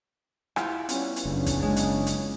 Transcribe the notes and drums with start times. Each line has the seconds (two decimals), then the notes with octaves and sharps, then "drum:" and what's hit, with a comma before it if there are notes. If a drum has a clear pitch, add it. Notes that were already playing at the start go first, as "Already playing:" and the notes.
0.56 E4 F4 G4 F#5, drum: rim click
0.89 G3 B3 C#4, drum: hi-hat
1.16 drum: hi-hat
1.25 F#1 C#3 C#4 D4
1.46 drum: kick, hi-hat
1.62 G#3
1.76 drum: hi-hat
2.07 drum: hi-hat